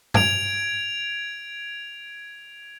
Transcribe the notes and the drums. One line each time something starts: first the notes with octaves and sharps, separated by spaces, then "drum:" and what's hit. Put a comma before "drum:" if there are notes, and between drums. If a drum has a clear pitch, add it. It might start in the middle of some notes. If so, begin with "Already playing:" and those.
G#6 D7 F7, drum: tom G2